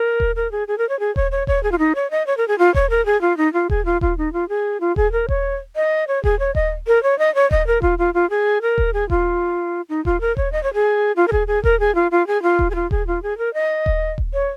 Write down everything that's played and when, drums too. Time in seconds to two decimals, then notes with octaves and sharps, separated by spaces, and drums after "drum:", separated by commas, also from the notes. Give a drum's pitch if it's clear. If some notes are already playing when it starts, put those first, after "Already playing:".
Already playing: A#4
0.20 drum: kick D#1
0.36 A#4
0.51 G#4
0.68 G#4
0.78 A#4
0.89 C#5
0.99 G#4
1.16 C#5, drum: kick D#1
1.31 C#5
1.47 C#5, drum: kick D#1
1.63 G#4
1.72 F4
1.78 D#4
1.95 C#5
2.11 D#5
2.27 C#5
2.37 A#4
2.48 G#4
2.58 F4
2.74 C#5, drum: kick D#1
2.90 A#4
3.05 G#4
3.21 F4
3.37 D#4
3.53 F4
3.70 G#4, drum: kick D#1
3.85 F4
4.01 F4, drum: kick D#1
4.18 D#4
4.33 F4
4.49 G#4
4.80 F4
4.96 G#4, drum: kick D#1
5.12 A#4
5.29 C#5, drum: kick D#1
5.76 D#5
6.08 C#5
6.24 G#4, drum: kick D#1
6.39 C#5
6.55 D#5, drum: kick D#1
6.87 A#4
7.03 C#5
7.19 D#5
7.35 C#5
7.51 D#5, drum: kick D#1
7.67 A#4
7.82 F4, drum: kick D#1
7.98 F4
8.14 F4
8.30 G#4
8.62 A#4
8.78 drum: kick D#1
8.93 G#4
9.10 F4, drum: kick D#1
9.89 D#4
10.05 F4, drum: kick D#1
10.21 A#4
10.37 C#5, drum: kick D#1
10.52 D#5
10.63 C#5
10.74 G#4
11.16 F4
11.28 A#4
11.32 G#4, drum: kick D#1
11.47 G#4
11.64 A#4, drum: kick D#1
11.80 G#4
11.95 F4
12.11 F4
12.27 G#4
12.43 F4
12.59 drum: kick D#1
12.70 G#4
12.75 F4
12.91 G#4, drum: kick D#1
13.07 F4
13.22 G#4
13.38 A#4
13.54 D#5
13.86 drum: kick D#1
14.18 drum: kick D#1
14.33 C#5